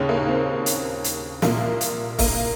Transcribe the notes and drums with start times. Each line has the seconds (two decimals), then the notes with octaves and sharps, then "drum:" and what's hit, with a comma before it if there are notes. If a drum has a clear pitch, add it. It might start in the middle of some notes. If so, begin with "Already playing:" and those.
Already playing: D#2 C#3 C#4
0.09 A#3
0.28 C4
0.66 drum: hi-hat
1.04 drum: hi-hat
1.42 C2 A#2 A#3, drum: snare
1.81 drum: hi-hat
2.19 A#3, drum: kick C#1, open hi-hat